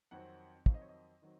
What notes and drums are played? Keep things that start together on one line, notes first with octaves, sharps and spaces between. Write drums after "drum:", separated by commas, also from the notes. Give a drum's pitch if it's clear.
F2 D#3 F#3 C4 F#5
F2 D#3 F#3 C4 F5, drum: kick
D#5
C#5
D#5
D#3 F#3 C4